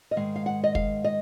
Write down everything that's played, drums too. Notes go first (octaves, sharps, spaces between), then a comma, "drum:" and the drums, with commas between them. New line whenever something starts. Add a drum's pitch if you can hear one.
D#5
G#2 D#3 G#3 F5
F5
F#5
D#5
F5, drum: kick
D#5